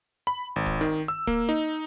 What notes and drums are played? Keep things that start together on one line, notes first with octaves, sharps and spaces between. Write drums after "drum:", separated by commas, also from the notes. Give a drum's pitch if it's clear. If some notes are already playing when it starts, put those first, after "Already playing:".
B5
G#1
drum: kick
D#3
E6
A#3, drum: kick
D#4